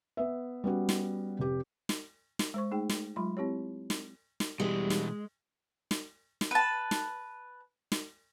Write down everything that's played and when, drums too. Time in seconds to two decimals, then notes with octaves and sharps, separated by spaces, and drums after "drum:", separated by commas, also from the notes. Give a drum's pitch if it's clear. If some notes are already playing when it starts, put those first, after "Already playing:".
0.17 B3 E5
0.64 G3 B3 C#4 F#4
0.89 drum: snare
1.39 F1 G4
1.89 drum: snare
2.39 drum: snare
2.54 G#3 C5 C#6
2.71 A3 D#4 G#4 G5
2.89 drum: snare
3.16 F#3 G#3 F4 B5 C6
3.37 C4 E4 G4 C#5
3.90 drum: snare
4.40 drum: snare
4.60 B2 E3 G3 G#3
4.90 drum: snare
5.91 drum: snare
6.41 drum: snare
6.51 B4 A5
6.91 drum: snare
7.92 drum: snare